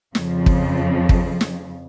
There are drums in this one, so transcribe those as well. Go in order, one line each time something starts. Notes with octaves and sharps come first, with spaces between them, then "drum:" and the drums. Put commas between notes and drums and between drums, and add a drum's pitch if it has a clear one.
F2 C#3 F3, drum: snare
drum: kick
drum: kick
drum: snare